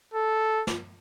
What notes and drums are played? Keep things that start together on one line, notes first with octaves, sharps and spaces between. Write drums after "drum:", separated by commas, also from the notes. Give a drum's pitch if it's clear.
A4
drum: snare